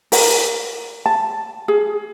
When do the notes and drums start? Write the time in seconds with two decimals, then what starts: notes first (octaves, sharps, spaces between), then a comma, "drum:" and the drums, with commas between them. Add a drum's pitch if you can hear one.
0.12 A#4, drum: open hi-hat
1.06 A5
1.68 G#4